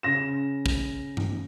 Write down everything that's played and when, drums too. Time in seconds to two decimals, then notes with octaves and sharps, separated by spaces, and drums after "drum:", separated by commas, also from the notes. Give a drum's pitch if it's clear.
0.03 C#3 A#6 E7
0.66 drum: kick
1.17 drum: tom G2